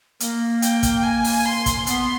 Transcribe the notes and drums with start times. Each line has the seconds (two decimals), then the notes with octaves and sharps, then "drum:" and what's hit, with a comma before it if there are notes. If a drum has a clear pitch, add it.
0.20 A#3, drum: hi-hat
0.62 G5, drum: hi-hat
0.83 drum: kick, hi-hat
1.03 G#5
1.24 drum: open hi-hat
1.45 C6
1.66 drum: kick, hi-hat
1.87 B3 C6, drum: hi-hat